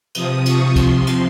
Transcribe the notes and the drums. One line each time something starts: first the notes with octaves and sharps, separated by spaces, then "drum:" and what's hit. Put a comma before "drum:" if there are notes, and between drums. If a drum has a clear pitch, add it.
C3 F3 D#6, drum: cymbal
C#6, drum: cymbal
C3 F3 C6, drum: kick, cymbal
drum: cymbal